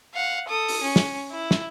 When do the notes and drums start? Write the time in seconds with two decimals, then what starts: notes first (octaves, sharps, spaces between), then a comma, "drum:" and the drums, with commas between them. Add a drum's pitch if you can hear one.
0.15 F5 F#5
0.48 A4 D#6
0.68 drum: open hi-hat
0.82 C#4
0.96 drum: snare
1.32 E4
1.51 drum: snare